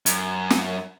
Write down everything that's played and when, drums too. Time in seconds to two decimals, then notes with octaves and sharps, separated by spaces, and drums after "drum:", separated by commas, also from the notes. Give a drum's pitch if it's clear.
0.06 F#2, drum: hi-hat
0.50 drum: snare